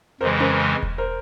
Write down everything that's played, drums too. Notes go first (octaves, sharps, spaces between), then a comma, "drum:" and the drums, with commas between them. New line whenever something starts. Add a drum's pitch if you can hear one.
F2 C#3 E3 G#3 A#4 C5
A#4 C5, drum: tom C#4
drum: kick E1
A#4 C5